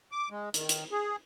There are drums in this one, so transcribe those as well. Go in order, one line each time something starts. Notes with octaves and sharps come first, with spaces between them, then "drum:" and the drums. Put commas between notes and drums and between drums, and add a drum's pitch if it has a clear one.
D6
G#3
D#3, drum: hi-hat
drum: hi-hat
G#4